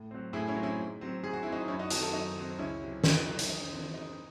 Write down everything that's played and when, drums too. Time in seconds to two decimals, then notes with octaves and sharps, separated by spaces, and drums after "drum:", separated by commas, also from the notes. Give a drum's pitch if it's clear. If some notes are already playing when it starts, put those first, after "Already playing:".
Already playing: A2
0.11 F#3 C4
0.33 A2 E4 G#4
0.48 C#4 E4
0.56 F#3 C4
0.63 C#4 E4
0.79 G#2
1.01 F#3 C4
1.23 G#2 G#4
1.33 F#4
1.43 F#3 C4 E4
1.52 D#4 F#4
1.68 F#2 C#4 E4
1.79 D#4 F#4
1.90 D#3 F#3 C4 F#4 A4, drum: hi-hat
2.02 F#4 A4
2.13 F#2 D#4 F#4
2.36 D#3 F#3 C4
2.59 C#2 C#4 E4
2.81 C3 F#3
3.04 C#2 D#4, drum: snare
3.26 C3 F#3
3.39 drum: hi-hat
3.49 G#2 D#4
3.71 E3 C4
3.94 G#2 D#4